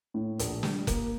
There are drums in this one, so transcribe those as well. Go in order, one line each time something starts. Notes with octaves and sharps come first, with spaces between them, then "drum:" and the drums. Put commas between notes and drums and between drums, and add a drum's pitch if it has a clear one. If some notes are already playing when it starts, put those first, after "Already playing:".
A2
A#1, drum: hi-hat
G3, drum: snare
A#3, drum: kick F1, hi-hat